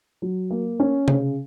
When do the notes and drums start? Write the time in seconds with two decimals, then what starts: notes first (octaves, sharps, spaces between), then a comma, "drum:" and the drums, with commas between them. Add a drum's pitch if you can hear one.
0.22 F#3
0.51 A#3
0.80 C#4
1.08 C#3, drum: tom C3